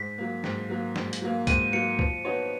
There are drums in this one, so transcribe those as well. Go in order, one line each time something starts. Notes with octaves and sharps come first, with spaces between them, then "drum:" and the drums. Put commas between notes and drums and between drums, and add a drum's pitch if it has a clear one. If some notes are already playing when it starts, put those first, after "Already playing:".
Already playing: G#2 B6
F#3 A#3
G#2, drum: snare
F#3 A#3
G#2, drum: snare
drum: hi-hat
F#3 A#3
G#2 D#7, drum: kick C#2, hi-hat
F#3 A#3 C#7
F3, drum: kick C#2
B3 D#4 F#4 C#5